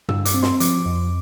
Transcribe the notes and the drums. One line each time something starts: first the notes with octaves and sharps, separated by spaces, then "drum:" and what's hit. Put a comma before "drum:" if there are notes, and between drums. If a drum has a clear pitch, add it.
G2 E6, drum: tom
D6, drum: hi-hat
C4
C6, drum: snare
F3 D6, drum: hi-hat
F2